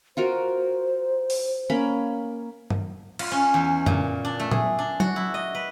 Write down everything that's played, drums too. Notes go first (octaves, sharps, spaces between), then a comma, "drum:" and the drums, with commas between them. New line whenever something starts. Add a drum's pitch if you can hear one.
F4 F#4 A#4 C5
drum: open hi-hat
A#3 C#4 B5
drum: tom G2
F4, drum: cymbal
C#4
E2
A#2, drum: tom F#2
D4
A3
G#4, drum: tom
D4
F#4, drum: tom
E4
D#5
B4